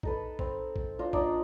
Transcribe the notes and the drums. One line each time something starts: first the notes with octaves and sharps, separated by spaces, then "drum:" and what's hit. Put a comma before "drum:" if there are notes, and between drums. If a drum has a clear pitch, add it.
D#4 A4 B4, drum: kick A#1
C4, drum: kick A#1
drum: kick A#1
D4 F4 D#5
A#3 D4 D#4 D5, drum: kick A#1